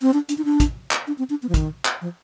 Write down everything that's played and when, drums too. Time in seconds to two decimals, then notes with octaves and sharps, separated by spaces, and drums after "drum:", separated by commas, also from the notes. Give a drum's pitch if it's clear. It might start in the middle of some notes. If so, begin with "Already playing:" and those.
0.02 C4
0.13 D4
0.29 D4, drum: hi-hat
0.38 D#4
0.45 D4
0.60 drum: kick, hi-hat
0.91 drum: clap
1.07 D4
1.18 C4
1.30 D4
1.43 B3
1.49 F3
1.54 D#3, drum: kick, hi-hat
1.85 drum: clap
2.01 F3